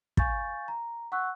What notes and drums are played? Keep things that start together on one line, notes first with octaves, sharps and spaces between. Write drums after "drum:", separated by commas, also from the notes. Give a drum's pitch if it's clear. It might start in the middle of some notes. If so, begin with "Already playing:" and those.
F5 G#5 C#6 G6 A6, drum: kick
A#5
F#5 C#6 E6 F#6